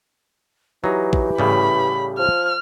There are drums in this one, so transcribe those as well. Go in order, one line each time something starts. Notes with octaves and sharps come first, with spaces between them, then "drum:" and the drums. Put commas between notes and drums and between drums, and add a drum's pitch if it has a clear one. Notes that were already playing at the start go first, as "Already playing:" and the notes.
E3 F#3 D#4 G4
drum: kick A#1
A2 C#3 G3 B5, drum: tom G#2
F3 F6